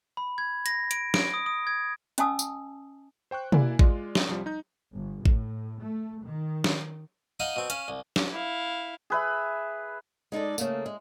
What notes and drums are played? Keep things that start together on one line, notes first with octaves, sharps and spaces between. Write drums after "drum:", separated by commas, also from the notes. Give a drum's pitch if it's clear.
B5
G#6
A#6, drum: hi-hat
D7, drum: hi-hat
D7, drum: snare
D#6
D#6
G#6
C#4 D#5 G#5 A5 D#6 E6, drum: hi-hat
drum: tambourine
C5 G5 C#6 F#6
A#3 E4 D5 G#5, drum: tom
G#3 F4 D5, drum: kick
drum: snare
C2 F3 G3
D#4 G6
G1
A2, drum: kick
A3
D#3
drum: snare
D#4 D#5 F5 F#5
B2 C4
C#4 F5, drum: hi-hat
C2
drum: snare
E4 F5
G#4 B4 E5
G#3 D#4 A4 D5
C#3 A3 A#3, drum: tambourine
G#3